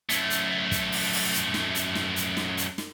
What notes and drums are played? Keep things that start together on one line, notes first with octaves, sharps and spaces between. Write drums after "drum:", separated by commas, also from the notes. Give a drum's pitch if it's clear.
F#2 A3, drum: hi-hat
drum: hi-hat
drum: kick, hi-hat
drum: open hi-hat
drum: open hi-hat
drum: hi-hat
drum: snare
drum: hi-hat
drum: snare
drum: hi-hat
drum: snare
drum: hi-hat
drum: snare